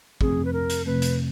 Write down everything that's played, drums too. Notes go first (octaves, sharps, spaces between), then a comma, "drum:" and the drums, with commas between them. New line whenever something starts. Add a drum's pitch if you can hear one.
F2 C3 F3 A3 C4 G#4, drum: kick
B4
A#4
drum: hi-hat
F2 C3 F3 A3 C4 B4
drum: hi-hat